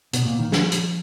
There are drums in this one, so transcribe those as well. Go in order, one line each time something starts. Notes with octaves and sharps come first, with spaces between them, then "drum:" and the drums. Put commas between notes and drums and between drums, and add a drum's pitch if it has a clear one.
B2, drum: hi-hat
A#2
D#3
F3, drum: snare
drum: hi-hat